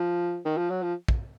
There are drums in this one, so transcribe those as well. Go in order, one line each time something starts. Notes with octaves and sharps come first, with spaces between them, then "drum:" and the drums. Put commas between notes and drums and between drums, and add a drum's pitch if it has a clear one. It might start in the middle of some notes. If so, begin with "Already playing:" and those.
Already playing: F3
D#3
F3
F#3
F3
drum: kick